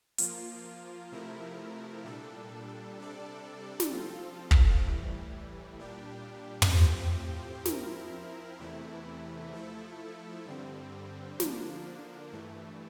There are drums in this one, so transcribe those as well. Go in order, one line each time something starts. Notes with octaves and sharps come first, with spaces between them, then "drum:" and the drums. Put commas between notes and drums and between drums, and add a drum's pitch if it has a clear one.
F3 A#3 F4, drum: hi-hat
C3 F3 A3 E4 A#4
A#2 G3 D4 A4
C3 G3 D4 A4 D5
drum: snare
F3 C4 F4 A4
drum: kick
A2 E3 G3
A#2 G3 D4 G4
drum: tom
A2 F3 C4 G4 C5
F3 C4 E4 A#4, drum: snare
E2 C3 E3 A3 E4
F3 A3 E4 A4
G2 D3 G3 C4
D3 F3 A#3 D4, drum: snare
G2 E3 A3